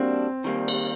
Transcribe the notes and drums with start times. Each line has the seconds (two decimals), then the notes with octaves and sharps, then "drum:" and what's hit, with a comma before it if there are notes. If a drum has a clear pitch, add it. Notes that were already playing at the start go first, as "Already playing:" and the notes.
Already playing: G3 A#3 C4 D4 F#4
0.44 D#3 G3 A#3
0.68 drum: cymbal